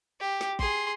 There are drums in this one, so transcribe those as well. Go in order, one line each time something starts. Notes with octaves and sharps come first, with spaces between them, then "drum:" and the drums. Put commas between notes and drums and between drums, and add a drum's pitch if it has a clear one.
G4
drum: snare
G#4 C6, drum: kick